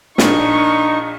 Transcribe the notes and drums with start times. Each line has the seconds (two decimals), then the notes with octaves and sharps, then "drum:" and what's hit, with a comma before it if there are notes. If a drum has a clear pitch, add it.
0.18 A#1 A#2 D4 D#4 C#6, drum: snare